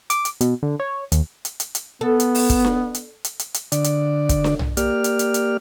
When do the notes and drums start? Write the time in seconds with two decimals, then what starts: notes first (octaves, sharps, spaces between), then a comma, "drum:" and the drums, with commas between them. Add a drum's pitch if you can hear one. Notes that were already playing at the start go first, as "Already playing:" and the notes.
0.10 D6, drum: hi-hat
0.25 drum: hi-hat
0.41 B2, drum: hi-hat
0.63 D3
0.80 C#5
1.12 D#2, drum: hi-hat
1.45 drum: hi-hat
1.60 drum: hi-hat
1.75 drum: hi-hat
2.01 B3 A4
2.20 drum: hi-hat
2.35 drum: open hi-hat
2.50 drum: kick, hi-hat
2.65 drum: snare D4
2.95 drum: hi-hat
3.24 drum: hi-hat
3.39 drum: hi-hat
3.54 drum: hi-hat
3.72 D3 D5, drum: hi-hat
3.84 drum: hi-hat
4.29 drum: kick, hi-hat
4.44 drum: snare D4
4.59 drum: tom B1
4.77 A#3 G4 D5 F6, drum: hi-hat
5.04 drum: hi-hat
5.19 drum: hi-hat
5.34 drum: hi-hat